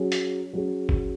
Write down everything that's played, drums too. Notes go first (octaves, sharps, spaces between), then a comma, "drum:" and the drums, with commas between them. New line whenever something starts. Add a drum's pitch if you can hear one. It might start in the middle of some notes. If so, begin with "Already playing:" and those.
Already playing: F#3 C#4 G#4
drum: hi-hat
F#3 C#4 G#4
drum: kick G#1